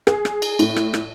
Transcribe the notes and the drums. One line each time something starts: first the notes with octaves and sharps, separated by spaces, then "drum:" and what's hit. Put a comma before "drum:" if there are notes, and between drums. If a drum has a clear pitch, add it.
G#4, drum: rim click
drum: rim click
drum: cymbal
A2, drum: cymbal
drum: rim click
drum: rim click